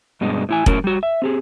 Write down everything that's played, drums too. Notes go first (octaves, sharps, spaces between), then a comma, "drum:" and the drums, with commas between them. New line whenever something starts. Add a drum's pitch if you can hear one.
G2 B2 G#3 D4
A2 E4 G#5
A2 F#3 C#4 A#4, drum: kick F1
G3 F#4
E5
C4 G4 G#4